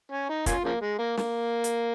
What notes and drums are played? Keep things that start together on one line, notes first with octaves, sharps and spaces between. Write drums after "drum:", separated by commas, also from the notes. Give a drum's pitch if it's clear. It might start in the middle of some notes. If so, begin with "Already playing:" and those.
C#4
D#4
A#3 C#4 F4, drum: kick, hi-hat
C#3 F3 A#3
G#3
A#3
A#3, drum: snare
drum: hi-hat